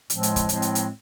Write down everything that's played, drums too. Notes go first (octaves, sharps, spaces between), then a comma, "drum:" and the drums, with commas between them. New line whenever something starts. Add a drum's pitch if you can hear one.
A2 F3 G#3 C4, drum: hi-hat
drum: hi-hat
drum: kick, hi-hat
A2 F3 G#3 C4, drum: hi-hat
drum: hi-hat
drum: hi-hat